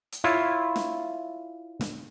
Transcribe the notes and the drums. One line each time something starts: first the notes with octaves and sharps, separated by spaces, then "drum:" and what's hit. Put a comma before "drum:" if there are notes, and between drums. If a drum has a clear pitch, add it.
drum: hi-hat
E4 F4 C#5
drum: snare
drum: snare